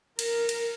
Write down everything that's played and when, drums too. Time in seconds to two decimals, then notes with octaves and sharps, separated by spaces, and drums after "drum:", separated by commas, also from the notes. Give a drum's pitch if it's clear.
0.19 A#4, drum: cymbal
0.49 drum: cymbal